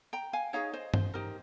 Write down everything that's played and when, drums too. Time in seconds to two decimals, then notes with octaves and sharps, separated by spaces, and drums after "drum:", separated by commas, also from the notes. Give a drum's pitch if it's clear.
0.13 G5 A#5
0.33 F5 G#5
0.53 D#4 G#4 C#5 F5
0.73 C5 D#5
0.94 C5, drum: tom G2
1.14 D#4 G4 A#4